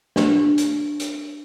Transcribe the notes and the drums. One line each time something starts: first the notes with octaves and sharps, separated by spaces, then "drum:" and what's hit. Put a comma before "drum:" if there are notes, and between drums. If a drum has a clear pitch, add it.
D4 G4 C5, drum: snare
drum: hi-hat
drum: hi-hat